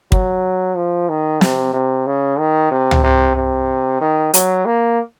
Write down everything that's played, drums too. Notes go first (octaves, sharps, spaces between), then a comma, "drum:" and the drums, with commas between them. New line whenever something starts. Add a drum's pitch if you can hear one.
F#3, drum: kick
F3
D#3
C3, drum: snare
C3
C#3
D#3
C3
drum: tom C#2
C3
C3
D#3
F#3, drum: hi-hat
A#3